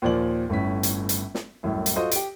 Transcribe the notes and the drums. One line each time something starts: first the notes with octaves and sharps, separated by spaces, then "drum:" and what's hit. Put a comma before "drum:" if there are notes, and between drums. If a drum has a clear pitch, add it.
D#2 A#2 F3 D5 F#7
G1 A2 C#4 B6
drum: hi-hat
drum: hi-hat
drum: snare
C2 F#2 A2
drum: hi-hat
F4 F#4 A4 C5 D#5
G4 D7, drum: hi-hat